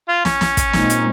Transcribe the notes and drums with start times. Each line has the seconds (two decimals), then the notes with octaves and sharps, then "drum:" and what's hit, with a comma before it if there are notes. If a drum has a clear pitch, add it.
0.08 F4
0.25 C#4, drum: snare
0.41 drum: snare
0.57 drum: kick, hi-hat
0.73 A#2 G#3 C4 D#4, drum: snare
0.90 drum: hi-hat